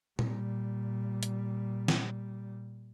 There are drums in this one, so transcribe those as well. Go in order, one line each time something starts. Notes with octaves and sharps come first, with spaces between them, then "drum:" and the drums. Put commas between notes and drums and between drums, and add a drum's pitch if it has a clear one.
A#2 G3, drum: tom A#2
drum: hi-hat
drum: snare